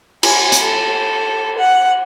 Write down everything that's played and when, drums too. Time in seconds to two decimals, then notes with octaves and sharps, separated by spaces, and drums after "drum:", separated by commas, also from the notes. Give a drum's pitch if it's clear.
0.23 G#5, drum: cymbal
0.52 drum: hi-hat
0.62 A4
1.58 F#5